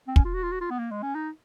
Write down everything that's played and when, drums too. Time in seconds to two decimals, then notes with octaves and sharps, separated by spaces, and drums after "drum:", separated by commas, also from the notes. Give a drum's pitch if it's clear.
0.07 C4
0.16 C#4, drum: kick
0.25 F4
0.34 F#4
0.43 F4
0.52 F#4
0.61 F4
0.70 B3
0.79 A#3
0.91 G#3
1.03 C#4
1.15 D#4